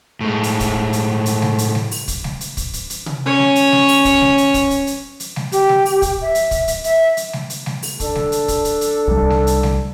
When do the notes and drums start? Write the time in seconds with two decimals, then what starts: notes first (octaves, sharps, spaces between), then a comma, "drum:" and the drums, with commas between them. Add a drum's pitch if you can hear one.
0.21 A2 G#3
0.43 drum: hi-hat
0.60 drum: kick, hi-hat
0.93 drum: hi-hat
1.26 drum: hi-hat
1.42 drum: snare G3
1.58 drum: hi-hat
1.75 drum: snare G3
1.91 drum: open hi-hat
2.08 drum: kick, hi-hat
2.24 drum: snare G3
2.41 drum: hi-hat
2.57 drum: kick, hi-hat
2.73 drum: hi-hat
2.90 drum: hi-hat
3.06 drum: tom C3
3.26 C#4 C#5
3.39 drum: snare G3
3.56 drum: hi-hat
3.72 drum: snare G3
3.88 drum: open hi-hat
4.05 drum: kick, hi-hat
4.21 drum: snare G3
4.38 drum: hi-hat
4.54 drum: kick, hi-hat
4.70 drum: hi-hat
4.87 drum: hi-hat
5.20 drum: hi-hat
5.36 drum: snare G3
5.52 G4, drum: hi-hat
5.69 drum: snare G3
5.85 drum: open hi-hat
6.02 drum: kick, hi-hat
6.22 E5
6.35 drum: hi-hat
6.51 drum: kick, hi-hat
6.68 drum: hi-hat
6.84 E5, drum: hi-hat
7.17 drum: hi-hat
7.33 drum: snare G3
7.50 drum: hi-hat
7.66 drum: snare G3
7.83 drum: open hi-hat
8.00 D4 A4, drum: kick, hi-hat
8.15 drum: snare G3
8.32 drum: hi-hat
8.48 drum: kick, hi-hat
8.65 drum: hi-hat
8.81 drum: hi-hat
9.08 C2 G3
9.30 drum: snare G3
9.47 drum: hi-hat
9.63 drum: snare G3